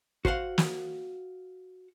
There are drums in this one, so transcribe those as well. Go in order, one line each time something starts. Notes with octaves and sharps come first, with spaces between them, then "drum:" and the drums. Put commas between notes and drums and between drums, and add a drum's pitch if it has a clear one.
F#4 C5 F5 F#5, drum: kick
drum: snare